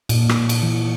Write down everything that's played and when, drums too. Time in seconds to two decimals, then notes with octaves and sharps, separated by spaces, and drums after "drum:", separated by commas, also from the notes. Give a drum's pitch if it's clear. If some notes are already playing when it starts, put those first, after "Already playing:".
0.09 A#2, drum: cymbal
0.29 drum: rim click
0.49 drum: cymbal
0.63 E3